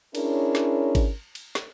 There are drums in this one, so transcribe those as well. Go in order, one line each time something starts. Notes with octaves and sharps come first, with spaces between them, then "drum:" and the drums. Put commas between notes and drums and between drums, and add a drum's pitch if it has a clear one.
C#4 D4 E4 G#4 A#4 C#5, drum: cymbal
drum: snare
drum: kick G#1, cymbal
drum: cymbal
drum: snare